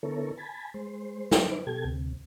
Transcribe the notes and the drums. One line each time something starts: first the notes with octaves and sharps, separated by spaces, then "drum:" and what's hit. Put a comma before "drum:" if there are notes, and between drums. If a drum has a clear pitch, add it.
D3 B3 E4 A4 A#4 C#5
G#5 A5 B5
G#3 C5
D#4 E4 B4 C5 D6, drum: snare
B2 G4 A4 G#6
D2 C3